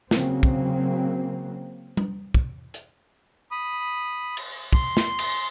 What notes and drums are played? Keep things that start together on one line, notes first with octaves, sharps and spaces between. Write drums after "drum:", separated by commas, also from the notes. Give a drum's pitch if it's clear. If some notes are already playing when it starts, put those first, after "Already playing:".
C#3 F#3 A#3 C4, drum: snare
drum: kick
drum: tom G3
drum: kick
drum: hi-hat
B5 D#6
drum: cymbal
C6, drum: kick
drum: snare
drum: cymbal